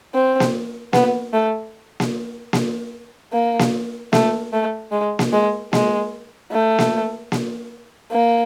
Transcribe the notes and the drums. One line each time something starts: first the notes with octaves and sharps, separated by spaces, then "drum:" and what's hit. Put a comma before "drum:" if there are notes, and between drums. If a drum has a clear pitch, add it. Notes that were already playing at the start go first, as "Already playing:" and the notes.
C4
drum: snare A#3
B3, drum: snare A#3
A3
drum: snare A#3
drum: snare A#3
A#3
drum: snare A#3
A3, drum: snare A#3
A3
G#3
drum: snare A#3
G#3
G#3, drum: snare A#3
A3
drum: snare A#3
drum: snare A#3
A#3